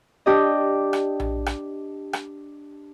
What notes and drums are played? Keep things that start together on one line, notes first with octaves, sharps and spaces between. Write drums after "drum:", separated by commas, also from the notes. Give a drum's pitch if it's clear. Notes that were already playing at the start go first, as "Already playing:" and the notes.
D4 G4 D#5
drum: rim click
drum: tom A#1
drum: rim click
drum: rim click